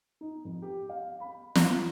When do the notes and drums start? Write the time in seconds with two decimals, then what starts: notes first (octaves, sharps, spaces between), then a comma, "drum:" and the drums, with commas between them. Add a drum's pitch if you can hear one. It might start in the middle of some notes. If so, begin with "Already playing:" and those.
0.21 D#4
0.45 F2
0.62 G4
0.89 F5
1.20 B5
1.55 drum: snare